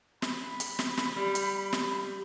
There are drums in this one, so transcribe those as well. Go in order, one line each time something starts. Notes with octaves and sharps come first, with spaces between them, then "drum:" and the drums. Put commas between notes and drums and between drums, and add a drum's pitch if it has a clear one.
B5, drum: snare
drum: hi-hat
drum: snare
drum: snare
G3
drum: hi-hat
drum: snare